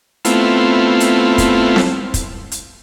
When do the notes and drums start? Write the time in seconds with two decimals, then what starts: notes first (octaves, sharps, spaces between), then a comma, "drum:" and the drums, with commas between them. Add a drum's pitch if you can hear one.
0.25 A3 B3 C4 E4 F4, drum: hi-hat
1.00 drum: hi-hat
1.38 drum: kick, hi-hat
1.76 drum: snare C4
2.14 drum: kick, hi-hat
2.52 drum: hi-hat